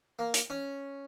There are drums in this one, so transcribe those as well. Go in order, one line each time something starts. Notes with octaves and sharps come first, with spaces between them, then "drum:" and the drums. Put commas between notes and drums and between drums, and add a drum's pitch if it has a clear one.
A#3
drum: hi-hat
C#4